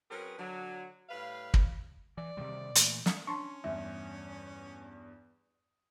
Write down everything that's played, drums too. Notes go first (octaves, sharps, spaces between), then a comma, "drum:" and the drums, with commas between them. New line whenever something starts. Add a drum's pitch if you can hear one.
F#3 C4 C#4 G#4 A#4 B4
D3 F#3
A2 G3 B4 F5
drum: kick
E3 D5
C3 D#3 G3
A#2 E3 A3, drum: hi-hat
drum: snare
C#4 D4 A5 C6 C#6
E2 G2 E5